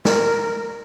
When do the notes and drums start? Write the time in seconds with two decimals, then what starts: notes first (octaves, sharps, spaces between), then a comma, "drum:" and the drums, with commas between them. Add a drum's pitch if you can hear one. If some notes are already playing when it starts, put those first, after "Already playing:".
0.05 A#4, drum: snare